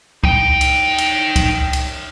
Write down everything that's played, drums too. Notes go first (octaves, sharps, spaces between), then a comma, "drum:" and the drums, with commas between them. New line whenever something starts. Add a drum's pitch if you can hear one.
D#4 G5, drum: kick C#2
drum: cymbal
drum: cymbal
drum: kick C#2, cymbal
drum: cymbal